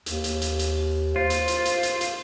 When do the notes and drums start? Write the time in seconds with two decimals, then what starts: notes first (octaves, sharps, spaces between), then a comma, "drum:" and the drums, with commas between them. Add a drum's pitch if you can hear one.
0.06 D#2, drum: hi-hat
0.24 drum: hi-hat
0.42 drum: hi-hat
0.59 drum: hi-hat
1.16 F4 C5
1.30 drum: hi-hat
1.48 drum: hi-hat
1.65 drum: hi-hat
1.83 drum: hi-hat
2.01 drum: hi-hat